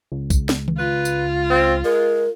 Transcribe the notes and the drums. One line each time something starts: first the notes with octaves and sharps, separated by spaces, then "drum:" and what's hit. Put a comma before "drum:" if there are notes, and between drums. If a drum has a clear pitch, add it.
C#2
drum: kick B1, tambourine
drum: snare
drum: tom D#3
F4 B4
drum: tambourine
C4
G#3 A#4